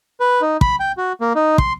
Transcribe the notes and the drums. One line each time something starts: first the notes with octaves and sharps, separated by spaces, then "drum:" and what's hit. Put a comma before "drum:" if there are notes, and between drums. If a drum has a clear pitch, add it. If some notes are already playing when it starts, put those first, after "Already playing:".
B4
D#4
B5, drum: kick
G5
F#4
A#3
D#4
C6, drum: kick